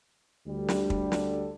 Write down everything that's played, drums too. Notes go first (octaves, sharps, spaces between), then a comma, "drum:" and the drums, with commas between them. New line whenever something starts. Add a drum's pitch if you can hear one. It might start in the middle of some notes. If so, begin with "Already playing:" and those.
D2 D3 G3
drum: snare
drum: kick
A4, drum: snare